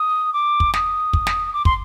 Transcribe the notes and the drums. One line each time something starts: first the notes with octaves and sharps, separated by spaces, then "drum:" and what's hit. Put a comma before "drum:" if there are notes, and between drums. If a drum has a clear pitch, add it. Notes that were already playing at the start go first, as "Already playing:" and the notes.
Already playing: D#6
D6
drum: kick
D#6, drum: snare
drum: kick
drum: snare
D6
C6, drum: kick